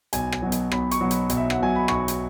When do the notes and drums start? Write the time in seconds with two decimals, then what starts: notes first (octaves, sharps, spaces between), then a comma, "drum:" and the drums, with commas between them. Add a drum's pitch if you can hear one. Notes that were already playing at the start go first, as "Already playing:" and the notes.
0.13 B1 G#5, drum: hi-hat
0.32 drum: rim click
0.42 B2 F#3
0.52 drum: hi-hat
0.72 B1 B5, drum: rim click
0.91 C#6, drum: hi-hat
1.01 B2 F#3
1.11 B5, drum: hi-hat
1.30 B1, drum: hi-hat
1.37 E5
1.50 F#5, drum: rim click
1.60 B2 F#3 G#5
1.76 B5
1.88 B1 C#6, drum: rim click
2.08 drum: hi-hat